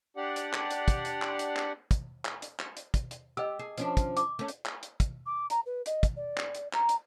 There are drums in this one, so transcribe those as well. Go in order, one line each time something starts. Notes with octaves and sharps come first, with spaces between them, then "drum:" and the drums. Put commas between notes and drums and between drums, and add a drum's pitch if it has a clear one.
D4 G4 D5 F#5
drum: hi-hat
drum: clap
drum: hi-hat
drum: kick, hi-hat
drum: hi-hat
drum: clap
drum: hi-hat
drum: clap
drum: kick, hi-hat
drum: clap
drum: hi-hat
drum: clap
drum: hi-hat
drum: kick, hi-hat
drum: hi-hat
G4 D#5 E6
G#4
F3 C#4 D4, drum: hi-hat
drum: kick, hi-hat
D6, drum: hi-hat
A3 C#4
drum: hi-hat
drum: clap
drum: hi-hat
drum: kick, hi-hat
D6
A#5, drum: hi-hat
B4
D#5, drum: hi-hat
drum: kick, hi-hat
D5
drum: clap
drum: hi-hat
A#5, drum: clap
drum: hi-hat